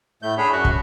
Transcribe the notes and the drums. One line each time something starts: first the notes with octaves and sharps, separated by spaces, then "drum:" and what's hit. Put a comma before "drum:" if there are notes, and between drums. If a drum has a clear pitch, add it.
A2 A3 G6
D4 G#4 C#5 B5
F#2 F#4
drum: kick